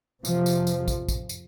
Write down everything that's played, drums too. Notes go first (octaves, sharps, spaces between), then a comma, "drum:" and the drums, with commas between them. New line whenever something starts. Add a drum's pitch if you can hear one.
F2 C3 F3, drum: tambourine
drum: tambourine
drum: tambourine
drum: kick, tambourine
drum: kick, tambourine
drum: tambourine